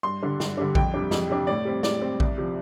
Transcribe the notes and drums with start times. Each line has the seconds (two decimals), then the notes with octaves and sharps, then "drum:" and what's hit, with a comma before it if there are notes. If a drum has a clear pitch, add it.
0.03 G2 C6
0.22 D3 G3 D4
0.40 G2, drum: snare
0.57 D3 G3 D4
0.75 F2 G5, drum: kick A#1
0.94 C3 G3 D4
1.11 F2, drum: snare
1.30 C3 G3 D4
1.47 A2 D5
1.65 G3 C4
1.83 A2 D5, drum: snare
2.01 G3 C4
2.20 C2, drum: kick A#1
2.38 C3 F3